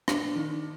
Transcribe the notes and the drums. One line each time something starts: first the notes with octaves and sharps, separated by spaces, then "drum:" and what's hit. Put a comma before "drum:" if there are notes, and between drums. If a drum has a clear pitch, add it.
D4, drum: rim click
D#3